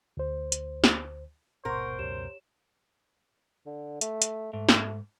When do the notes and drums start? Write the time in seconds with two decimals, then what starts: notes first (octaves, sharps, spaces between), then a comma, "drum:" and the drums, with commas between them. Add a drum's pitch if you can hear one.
0.17 D2 C5
0.52 drum: hi-hat
0.84 drum: snare
1.65 D#1 G#1 B2 A#4 C5 F#5 C#6
1.98 C#2 F#2 B2 G4 C#5 E7
3.66 D3
4.01 A3, drum: hi-hat
4.22 drum: hi-hat
4.53 G#2 A3
4.69 drum: snare